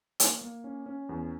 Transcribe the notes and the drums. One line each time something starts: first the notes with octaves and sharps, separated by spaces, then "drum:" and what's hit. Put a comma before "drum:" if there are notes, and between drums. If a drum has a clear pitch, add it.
A#3, drum: hi-hat
A#3
C#4
C#4
E2